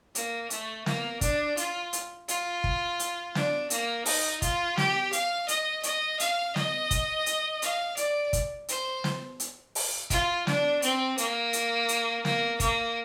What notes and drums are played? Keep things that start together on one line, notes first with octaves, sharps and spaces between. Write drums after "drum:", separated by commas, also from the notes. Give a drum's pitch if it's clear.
A#3, drum: hi-hat
A3, drum: hi-hat
A#3, drum: snare
D4, drum: kick, hi-hat
F4, drum: hi-hat
drum: hi-hat
F4, drum: hi-hat
drum: kick
drum: hi-hat
D4, drum: snare
A#3, drum: hi-hat
D#4, drum: open hi-hat
F4, drum: kick, hi-hat
G4, drum: snare
F5, drum: hi-hat
D#5, drum: hi-hat
D#5, drum: hi-hat
F5, drum: hi-hat
D#5, drum: snare
drum: kick, hi-hat
drum: hi-hat
F5, drum: hi-hat
D5, drum: hi-hat
drum: kick, hi-hat
C5, drum: hi-hat
drum: snare
drum: hi-hat
drum: open hi-hat
F4, drum: kick, hi-hat
D4, drum: snare
C4, drum: hi-hat
A#3, drum: hi-hat
drum: hi-hat
drum: hi-hat
A#3, drum: snare
A#3, drum: kick, hi-hat